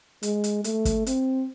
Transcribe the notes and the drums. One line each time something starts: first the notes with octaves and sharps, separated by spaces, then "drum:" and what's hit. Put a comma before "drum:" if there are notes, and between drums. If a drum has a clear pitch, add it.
G#3, drum: hi-hat
drum: hi-hat
A3, drum: hi-hat
drum: kick, hi-hat
C4, drum: hi-hat